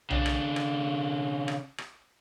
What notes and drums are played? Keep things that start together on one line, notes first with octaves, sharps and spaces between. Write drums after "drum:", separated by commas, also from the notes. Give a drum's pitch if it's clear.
C#3 D4, drum: tom B1
drum: rim click
drum: rim click
drum: rim click
drum: rim click